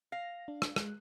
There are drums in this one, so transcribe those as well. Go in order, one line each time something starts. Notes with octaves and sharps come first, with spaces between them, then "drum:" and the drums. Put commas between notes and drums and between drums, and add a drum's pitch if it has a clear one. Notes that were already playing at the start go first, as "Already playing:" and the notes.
F5 A#6
D4
drum: rim click
G#3 F#6, drum: rim click